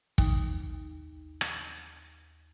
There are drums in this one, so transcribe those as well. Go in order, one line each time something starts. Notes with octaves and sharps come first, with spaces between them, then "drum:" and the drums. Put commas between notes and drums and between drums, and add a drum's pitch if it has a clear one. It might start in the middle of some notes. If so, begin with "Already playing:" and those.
D#2 D#4, drum: kick
drum: rim click